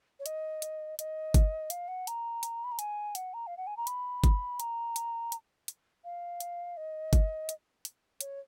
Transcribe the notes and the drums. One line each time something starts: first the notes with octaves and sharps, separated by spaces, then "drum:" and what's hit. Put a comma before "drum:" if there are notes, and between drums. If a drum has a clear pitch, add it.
C#5
D#5, drum: hi-hat
drum: hi-hat
D#5, drum: hi-hat
drum: kick, hi-hat
F5, drum: hi-hat
F#5
A#5, drum: hi-hat
drum: hi-hat
B5
A#5
G#5, drum: hi-hat
F#5, drum: hi-hat
A#5
F5
F#5
G#5
A#5
B5, drum: hi-hat
drum: kick, hi-hat
A#5, drum: hi-hat
drum: hi-hat
drum: hi-hat
drum: hi-hat
F5
drum: hi-hat
D#5
drum: kick, hi-hat
drum: hi-hat
drum: hi-hat
C#5, drum: hi-hat